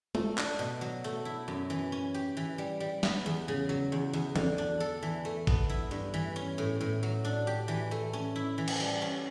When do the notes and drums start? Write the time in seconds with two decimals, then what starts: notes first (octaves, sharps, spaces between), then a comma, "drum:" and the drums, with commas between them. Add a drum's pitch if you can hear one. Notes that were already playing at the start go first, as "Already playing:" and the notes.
0.15 A3, drum: tom G#3
0.38 D4, drum: clap
0.59 B2
0.81 F#3
1.04 A3
1.25 E4
1.48 F#2
1.70 E3
1.92 C#4
2.14 G4
2.37 E3
2.58 G3
2.80 G3
3.03 B3, drum: snare
3.26 E2
3.48 C#3
3.69 F#3
3.92 E2
4.13 E2
4.36 D3, drum: tom E3
4.58 D4
4.80 A4
5.02 E3
5.25 A3
5.47 B3, drum: kick A1
5.70 E4
5.91 G2
6.14 E3
6.36 C#4
6.58 A2
6.81 A2
7.03 F#3
7.25 D4
7.47 G4
7.68 E3
7.91 A3
8.13 C#4
8.36 E4
8.58 E3
8.68 drum: cymbal
8.80 G3
9.02 C#4